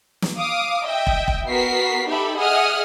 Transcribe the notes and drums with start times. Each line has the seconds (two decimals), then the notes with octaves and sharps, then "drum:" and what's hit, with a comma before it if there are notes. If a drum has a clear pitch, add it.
0.22 drum: snare
0.38 F5 D6 D#6
0.86 D#5 E5 G5
1.07 drum: kick
1.28 drum: kick
1.48 B3 F#4 A#4 B6 C7
2.08 D#4 G4 A4 E5 B5
2.37 G#4 D#5 E5 F#5 D#6 F6